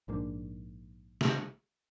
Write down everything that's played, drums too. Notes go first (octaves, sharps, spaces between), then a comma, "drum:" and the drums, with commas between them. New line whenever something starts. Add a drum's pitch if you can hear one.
A#1 G#2 A#3 D4
drum: snare